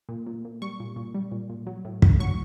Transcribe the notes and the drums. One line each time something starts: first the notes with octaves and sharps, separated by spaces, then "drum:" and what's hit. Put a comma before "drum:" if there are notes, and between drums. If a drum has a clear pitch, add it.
A#2
A#2
A#2
G3 C#6
A#2
A#2
G3
A#2
A#2
F#3
A2
A2, drum: kick
F#3 C#6